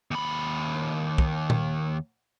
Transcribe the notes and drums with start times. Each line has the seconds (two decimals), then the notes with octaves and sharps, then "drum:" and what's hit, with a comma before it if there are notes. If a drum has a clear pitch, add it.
0.11 D#2 B5
1.18 drum: kick
1.50 drum: tom A#2